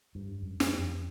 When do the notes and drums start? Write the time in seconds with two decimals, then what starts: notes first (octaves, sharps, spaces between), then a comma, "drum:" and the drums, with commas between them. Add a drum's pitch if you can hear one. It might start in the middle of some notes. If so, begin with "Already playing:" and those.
0.15 G2
0.42 F#2
0.60 F#2, drum: snare
0.78 F2